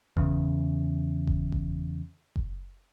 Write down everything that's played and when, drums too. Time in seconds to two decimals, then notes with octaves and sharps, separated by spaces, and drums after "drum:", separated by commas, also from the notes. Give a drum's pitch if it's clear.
0.17 E2 C#3, drum: kick F#1
1.27 drum: kick F#1
1.52 drum: kick F#1
2.36 drum: kick F#1